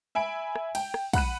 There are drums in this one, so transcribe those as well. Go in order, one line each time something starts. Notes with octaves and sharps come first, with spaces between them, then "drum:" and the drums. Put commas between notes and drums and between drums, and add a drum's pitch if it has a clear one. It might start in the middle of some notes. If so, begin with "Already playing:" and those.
E5 G#5 B5 D7
drum: rim click
G5, drum: cymbal
drum: rim click
F#5 B5 F#6 D#7, drum: kick, cymbal